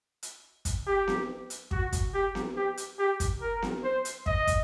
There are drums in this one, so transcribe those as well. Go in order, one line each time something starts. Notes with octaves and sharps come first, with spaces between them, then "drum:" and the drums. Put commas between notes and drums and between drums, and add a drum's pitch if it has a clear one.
drum: hi-hat
drum: kick, hi-hat
G4
drum: snare B3
drum: hi-hat
F#4, drum: kick
drum: kick, hi-hat
G4
drum: snare B3
G4
drum: hi-hat
G4
drum: kick, hi-hat
A#4
drum: snare B3
C5
drum: hi-hat
D#5, drum: kick
drum: kick, hi-hat